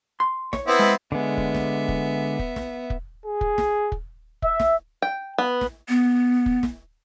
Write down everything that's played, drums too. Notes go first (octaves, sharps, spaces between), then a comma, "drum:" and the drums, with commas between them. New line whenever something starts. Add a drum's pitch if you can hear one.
C6
C#5, drum: snare
B3 C4 E4
G#3
D3 G#3 B3 E5
drum: kick
drum: snare
drum: kick
drum: kick
drum: snare
drum: kick
G#4
drum: kick
drum: snare
drum: kick
E5, drum: kick
drum: snare
G5
B3
drum: snare
B3
drum: kick
drum: snare